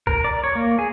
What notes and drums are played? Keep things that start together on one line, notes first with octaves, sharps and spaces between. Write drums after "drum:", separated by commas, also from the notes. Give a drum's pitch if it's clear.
A#4, drum: kick C2
D5
C#5
A#3
G#4